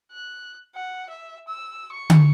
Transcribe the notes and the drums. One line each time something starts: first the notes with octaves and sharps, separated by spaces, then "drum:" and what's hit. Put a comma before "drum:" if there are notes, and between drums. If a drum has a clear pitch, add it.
F#6
F#5
E5
E6
C#6
drum: tom D3